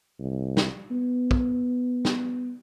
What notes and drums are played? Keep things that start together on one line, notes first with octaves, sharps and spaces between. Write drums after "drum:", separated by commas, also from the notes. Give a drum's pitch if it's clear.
C2
drum: snare
B3
drum: kick
drum: snare